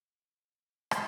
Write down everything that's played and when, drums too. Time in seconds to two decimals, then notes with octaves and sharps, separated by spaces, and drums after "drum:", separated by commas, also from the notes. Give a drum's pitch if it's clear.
0.11 D2
0.32 A2
0.91 drum: rim click